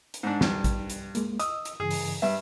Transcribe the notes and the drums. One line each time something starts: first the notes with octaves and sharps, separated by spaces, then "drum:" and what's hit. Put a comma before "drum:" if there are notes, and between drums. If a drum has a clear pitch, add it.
drum: hi-hat
G#2 D4 D#4
G2, drum: snare
drum: kick A1, hi-hat
drum: hi-hat
G#3 A#3, drum: hi-hat
D#5 D#6 E6, drum: hi-hat
drum: hi-hat
G2 C#3 E3 G#4
drum: open hi-hat
G2 B4 E5